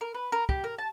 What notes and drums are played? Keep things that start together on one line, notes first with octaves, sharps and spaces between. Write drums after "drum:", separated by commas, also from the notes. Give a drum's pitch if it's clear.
A#4
B4
A#4
G4, drum: kick
A#4
A5